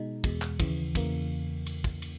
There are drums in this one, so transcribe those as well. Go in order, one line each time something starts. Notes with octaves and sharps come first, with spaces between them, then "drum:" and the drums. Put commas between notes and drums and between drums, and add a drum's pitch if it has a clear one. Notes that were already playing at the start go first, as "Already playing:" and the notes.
Already playing: B2 G#3 D#4
E2 B2 G#3, drum: kick, cymbal
drum: clap
D#2 C#3 E3, drum: kick, cymbal
E2 C#3 E3 A#3, drum: kick, cymbal
drum: cymbal
drum: kick
drum: cymbal